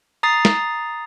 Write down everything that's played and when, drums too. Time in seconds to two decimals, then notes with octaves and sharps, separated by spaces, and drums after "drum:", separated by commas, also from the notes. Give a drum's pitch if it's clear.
0.23 A#5 D#6 A6 C7
0.45 drum: snare